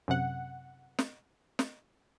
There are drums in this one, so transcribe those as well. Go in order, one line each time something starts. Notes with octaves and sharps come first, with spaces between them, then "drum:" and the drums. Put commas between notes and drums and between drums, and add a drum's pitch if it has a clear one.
F#2 C3 F#5
drum: snare
drum: snare